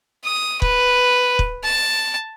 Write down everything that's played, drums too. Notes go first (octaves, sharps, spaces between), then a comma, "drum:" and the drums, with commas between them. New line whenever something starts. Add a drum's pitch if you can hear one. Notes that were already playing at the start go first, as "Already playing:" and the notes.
D#6
B4, drum: kick
drum: kick
A5